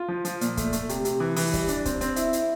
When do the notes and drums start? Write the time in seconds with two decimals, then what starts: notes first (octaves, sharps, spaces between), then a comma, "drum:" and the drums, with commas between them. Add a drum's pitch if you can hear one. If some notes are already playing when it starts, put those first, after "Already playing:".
Already playing: F4
0.08 F3
0.25 F3, drum: hi-hat
0.41 A#2, drum: hi-hat
0.57 A3, drum: kick, hi-hat
0.73 A3, drum: hi-hat
0.89 C3, drum: hi-hat
1.05 C3, drum: hi-hat
1.20 E3
1.36 E3, drum: open hi-hat
1.53 G3, drum: kick, hi-hat
1.68 D4, drum: hi-hat
1.85 C4, drum: kick, hi-hat
2.01 C4, drum: hi-hat
2.16 E4, drum: hi-hat
2.33 E4, drum: hi-hat